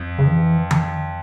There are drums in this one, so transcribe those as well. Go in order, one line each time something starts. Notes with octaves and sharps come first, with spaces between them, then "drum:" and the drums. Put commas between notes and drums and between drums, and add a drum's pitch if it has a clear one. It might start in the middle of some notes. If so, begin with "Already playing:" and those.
Already playing: F2
C#3
E3
drum: tom D#3